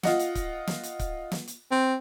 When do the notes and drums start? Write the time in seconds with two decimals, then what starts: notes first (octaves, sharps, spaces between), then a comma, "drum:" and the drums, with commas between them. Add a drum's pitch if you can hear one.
0.03 F4 D#5 F#5, drum: snare
0.19 drum: hi-hat
0.35 drum: kick C#1, hi-hat
0.67 drum: snare
0.83 drum: hi-hat
0.99 drum: kick C#1, hi-hat
1.32 drum: snare
1.48 drum: hi-hat
1.71 C4